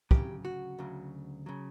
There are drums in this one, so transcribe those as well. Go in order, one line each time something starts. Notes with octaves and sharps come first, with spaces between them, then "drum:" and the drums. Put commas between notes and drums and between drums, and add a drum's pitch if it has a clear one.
D2 C#3 F#3 G4, drum: kick
F#4
D2 C#3 F#3
C#3 F#3